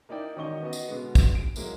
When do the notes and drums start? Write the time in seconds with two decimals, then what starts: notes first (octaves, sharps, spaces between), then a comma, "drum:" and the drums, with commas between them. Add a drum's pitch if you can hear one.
0.09 A#3 D#4 E4 D5 G5
0.36 E1 D#3 C#4 D#5 C#6 G7
0.61 B3 F#4 D#5
0.73 drum: tambourine
0.88 B2 D3 G#3 B3
1.15 drum: kick, tambourine
1.35 D7
1.56 F#3 G#3 A#3 E4, drum: tambourine